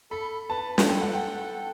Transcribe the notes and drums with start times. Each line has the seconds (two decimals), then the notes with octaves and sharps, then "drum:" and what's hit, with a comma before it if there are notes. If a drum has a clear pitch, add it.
0.11 A4 B5
0.50 B4 A5
0.78 drum: snare
0.88 A4 G5
1.01 F#5
1.13 G5